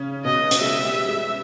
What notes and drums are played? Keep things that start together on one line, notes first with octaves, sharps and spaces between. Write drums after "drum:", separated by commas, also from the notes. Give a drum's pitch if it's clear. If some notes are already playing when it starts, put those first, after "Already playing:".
Already playing: C#3 C#4
B2 B3 D#5
drum: hi-hat
G#3 E5
G3
G#3